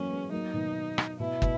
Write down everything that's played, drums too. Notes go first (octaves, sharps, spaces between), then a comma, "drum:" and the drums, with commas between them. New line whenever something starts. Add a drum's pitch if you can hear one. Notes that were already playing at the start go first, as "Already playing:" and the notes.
Already playing: E3 F#3 A#3 B3 C#4
G#3 B3
F#3 A#3 D#4
B2 D#3
drum: rim click
B2 E4
B2, drum: kick